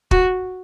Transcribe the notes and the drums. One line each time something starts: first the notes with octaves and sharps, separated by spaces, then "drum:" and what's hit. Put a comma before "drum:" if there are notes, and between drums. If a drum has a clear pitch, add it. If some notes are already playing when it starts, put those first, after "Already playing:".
F#4, drum: kick